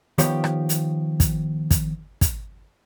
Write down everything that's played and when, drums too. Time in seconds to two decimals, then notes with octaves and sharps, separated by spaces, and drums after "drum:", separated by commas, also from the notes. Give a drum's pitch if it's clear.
0.18 D#3 F3 B3 G4 C#5, drum: hi-hat
0.44 drum: rim click
0.69 drum: hi-hat
1.20 drum: kick, hi-hat
1.71 drum: kick, hi-hat
2.21 drum: kick, hi-hat